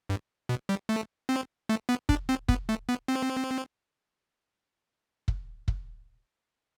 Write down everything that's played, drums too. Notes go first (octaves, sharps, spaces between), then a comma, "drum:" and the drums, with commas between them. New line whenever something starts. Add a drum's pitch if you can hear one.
G2
B2
G3
A3
C4
A3
B3
D4, drum: kick
C4
B3, drum: kick
A3
B3
C4
drum: kick
drum: kick